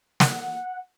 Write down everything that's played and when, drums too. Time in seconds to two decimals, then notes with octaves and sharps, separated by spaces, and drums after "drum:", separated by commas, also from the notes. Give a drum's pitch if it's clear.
0.20 F#5, drum: snare